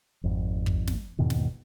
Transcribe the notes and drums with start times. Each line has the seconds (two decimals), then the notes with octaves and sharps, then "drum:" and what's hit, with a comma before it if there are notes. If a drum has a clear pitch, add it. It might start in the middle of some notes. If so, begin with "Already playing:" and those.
0.24 G#1 F2
0.66 drum: kick
0.88 drum: snare
1.19 E2 G#2 B2 D#3
1.30 drum: snare